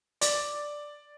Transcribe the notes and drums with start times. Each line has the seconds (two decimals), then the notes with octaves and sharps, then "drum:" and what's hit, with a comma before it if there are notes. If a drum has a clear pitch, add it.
0.21 D5, drum: hi-hat